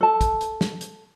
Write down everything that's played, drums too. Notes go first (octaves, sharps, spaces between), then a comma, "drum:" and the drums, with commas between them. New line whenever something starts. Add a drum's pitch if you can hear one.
A4 A5
drum: kick, hi-hat
drum: hi-hat
drum: snare
drum: hi-hat